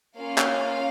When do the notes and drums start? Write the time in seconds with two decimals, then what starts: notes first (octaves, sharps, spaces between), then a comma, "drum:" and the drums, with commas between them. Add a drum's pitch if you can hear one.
0.17 A#3 C#4 F4 F5
0.38 drum: clap